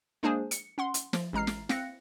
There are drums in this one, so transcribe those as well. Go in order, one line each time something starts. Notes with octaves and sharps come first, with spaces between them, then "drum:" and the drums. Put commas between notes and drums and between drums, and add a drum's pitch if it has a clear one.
G#3 A#3 D4 G#4 C5 G#5
C#7, drum: hi-hat
C#4 F#5 C6
drum: hi-hat
F3, drum: snare
A1 G#3 A#5 F6 C7
drum: snare
C4 F5 F#6 A#6 C#7, drum: snare